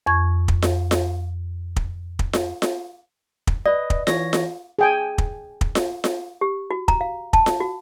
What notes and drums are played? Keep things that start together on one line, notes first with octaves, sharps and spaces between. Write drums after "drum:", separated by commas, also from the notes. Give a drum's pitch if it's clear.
F2 C#6 G#6
drum: kick
drum: snare F4
drum: snare F4
drum: kick
drum: kick
drum: snare F4
drum: snare F4
drum: kick
B4 D5 D#5
drum: kick
E3 C#5 A#6, drum: snare F4
drum: snare F4
G#4 G5 G#5
drum: kick
drum: kick
drum: snare F4
drum: snare F4
G4
F#4
A#5, drum: kick
F5
A5, drum: kick
drum: snare F4
F#4